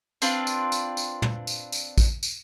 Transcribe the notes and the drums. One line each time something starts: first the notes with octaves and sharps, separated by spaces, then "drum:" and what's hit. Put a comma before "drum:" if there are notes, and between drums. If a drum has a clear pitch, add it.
C4 D4 F4 B4, drum: tambourine
drum: tambourine
drum: tambourine
drum: tambourine
drum: tom
drum: tambourine
drum: tambourine
drum: kick, tambourine
drum: tambourine